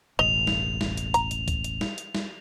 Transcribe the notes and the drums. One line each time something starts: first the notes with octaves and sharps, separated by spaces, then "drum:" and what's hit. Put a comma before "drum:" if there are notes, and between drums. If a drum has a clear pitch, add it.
E1 A1 D#5 F7
drum: snare
drum: snare
drum: hi-hat
A#5, drum: hi-hat
drum: hi-hat
drum: kick C2, hi-hat
drum: hi-hat
drum: snare
drum: hi-hat
drum: snare